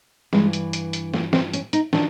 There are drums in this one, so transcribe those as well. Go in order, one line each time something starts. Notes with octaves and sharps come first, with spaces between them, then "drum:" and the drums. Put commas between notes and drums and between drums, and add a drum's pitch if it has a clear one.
G2 E3 G#3, drum: snare
drum: hi-hat
drum: hi-hat
drum: hi-hat
A#3, drum: snare
C4, drum: snare
C#4, drum: hi-hat
D#4, drum: hi-hat
D#3 D4, drum: snare